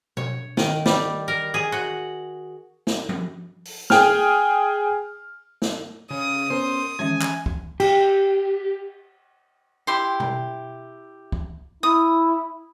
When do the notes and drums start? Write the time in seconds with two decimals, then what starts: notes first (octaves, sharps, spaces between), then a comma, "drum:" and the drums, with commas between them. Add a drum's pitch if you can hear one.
0.17 C#5, drum: tom B2
0.57 D#3, drum: snare
0.86 G3, drum: snare
1.28 A#4
1.54 G#4
1.72 F#4
2.87 drum: snare
3.09 drum: tom F3
3.65 drum: open hi-hat
3.90 G#4 G5 G#5 F6, drum: snare
5.62 drum: snare
6.11 C#3 D#6
6.50 B3 C#4 A#4 C5
6.99 D#3 E3 G#3 C#4 E5 G#5
7.21 drum: clap
7.46 drum: kick
7.80 G4, drum: cymbal
9.87 E4 G4 C6
10.20 drum: tom B2
11.32 drum: kick
11.83 E4 D#6